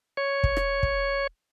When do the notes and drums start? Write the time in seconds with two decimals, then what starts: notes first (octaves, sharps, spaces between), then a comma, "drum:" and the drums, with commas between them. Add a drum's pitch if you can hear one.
0.17 C#5
0.44 drum: kick
0.57 drum: rim click
0.83 drum: kick